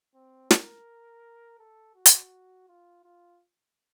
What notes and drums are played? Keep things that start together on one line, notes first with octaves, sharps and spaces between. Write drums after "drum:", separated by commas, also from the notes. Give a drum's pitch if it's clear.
C4
A#4, drum: snare
A4
F#4
drum: hi-hat
F4
F4